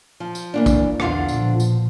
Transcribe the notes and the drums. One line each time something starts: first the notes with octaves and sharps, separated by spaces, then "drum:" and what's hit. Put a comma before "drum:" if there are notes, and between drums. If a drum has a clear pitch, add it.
F3
drum: tambourine
E3 A#3 D4
drum: kick, tambourine
B1 E2 D3 F4 F5, drum: rim click
A#1 B2 F3, drum: tambourine
drum: tambourine